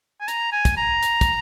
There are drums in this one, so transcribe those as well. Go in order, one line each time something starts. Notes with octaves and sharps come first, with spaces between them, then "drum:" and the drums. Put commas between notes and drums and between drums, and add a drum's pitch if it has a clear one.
G#5
A#5, drum: hi-hat
G#5
drum: kick, hi-hat
A#5
drum: hi-hat
drum: kick, hi-hat